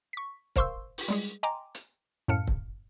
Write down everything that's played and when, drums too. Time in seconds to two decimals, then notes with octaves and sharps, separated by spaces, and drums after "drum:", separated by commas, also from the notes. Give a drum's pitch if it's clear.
0.13 C#6 B6
0.56 A#4 C5 F5 C6 C#6 E6, drum: kick C#1
0.98 drum: open hi-hat
1.08 G3 G#3 G#4
1.43 D#5 G5 G#5 A#5 C6 D6
1.75 drum: hi-hat
2.28 F#2 A2 F5 A5 F6 C#7
2.47 drum: kick C#1